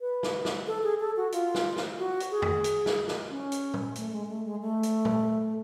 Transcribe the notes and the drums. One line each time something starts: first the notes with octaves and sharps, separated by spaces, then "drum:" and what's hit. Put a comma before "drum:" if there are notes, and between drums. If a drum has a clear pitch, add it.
B4
drum: snare
drum: snare
A4
G#4
A4
F#4
F4, drum: hi-hat
drum: snare
drum: snare
F#4
drum: hi-hat
G#4
drum: tom
drum: hi-hat
drum: snare
drum: snare
C#4
drum: hi-hat
drum: tom
A3, drum: hi-hat
G#3
A3
G#3
A3
drum: hi-hat
drum: tom